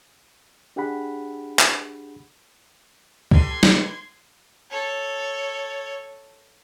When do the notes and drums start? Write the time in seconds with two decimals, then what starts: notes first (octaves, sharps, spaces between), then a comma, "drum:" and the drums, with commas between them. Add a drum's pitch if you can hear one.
0.76 D4 G4 G#4 F#5 B5
1.59 drum: clap
3.31 G4 A4 B4 C6 G#6, drum: kick C#2
3.63 drum: snare
4.71 A4 C#5